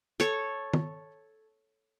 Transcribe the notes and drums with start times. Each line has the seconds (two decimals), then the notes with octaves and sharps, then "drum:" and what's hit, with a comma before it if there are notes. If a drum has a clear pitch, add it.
0.20 A4 C#5, drum: hi-hat
0.74 drum: tom D#3